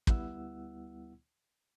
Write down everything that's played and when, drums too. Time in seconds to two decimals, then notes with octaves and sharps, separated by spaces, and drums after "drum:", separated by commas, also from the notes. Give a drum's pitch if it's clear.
0.07 D2 G3 B3 E4 F#5 E6, drum: kick